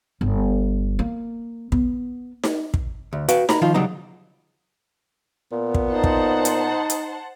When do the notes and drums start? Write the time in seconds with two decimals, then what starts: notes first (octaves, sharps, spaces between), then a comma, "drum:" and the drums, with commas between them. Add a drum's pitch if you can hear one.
0.21 G1
0.99 A#3
1.72 B3, drum: kick
2.44 drum: snare D#4
2.74 drum: kick
3.13 D2
3.28 F#4 B4 F5 G5, drum: hi-hat
3.49 A#5 B5, drum: snare D#4
3.62 D#3 F3 F4
3.74 C#3 F#3 G3 D#4 A#5
5.52 A#2 B3
5.75 drum: kick
5.91 D#4 C5 F#5 A5
6.04 drum: kick
6.45 drum: hi-hat
6.90 drum: hi-hat